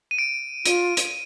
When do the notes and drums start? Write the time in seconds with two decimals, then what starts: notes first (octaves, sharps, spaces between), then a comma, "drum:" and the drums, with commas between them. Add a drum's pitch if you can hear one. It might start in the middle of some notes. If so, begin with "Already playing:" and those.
0.11 D#7
0.18 D7
0.65 F4 D#7, drum: hi-hat
0.97 drum: hi-hat